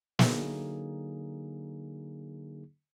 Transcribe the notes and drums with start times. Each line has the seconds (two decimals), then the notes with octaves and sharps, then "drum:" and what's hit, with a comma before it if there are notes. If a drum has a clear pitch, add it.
0.19 D3 F#3 A#3 D#4 G#4, drum: snare